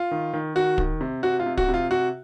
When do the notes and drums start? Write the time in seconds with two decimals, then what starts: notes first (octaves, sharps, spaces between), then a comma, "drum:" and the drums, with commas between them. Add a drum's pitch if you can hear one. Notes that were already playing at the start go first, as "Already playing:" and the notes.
Already playing: F4
0.11 D#3
0.33 D#3
0.55 D#3 F#4
0.78 D#3, drum: kick
1.01 C3
1.23 C3 F#4
1.39 F4
1.46 C3
1.58 F#4, drum: kick
1.68 C3
1.74 F4
1.91 C3 F#4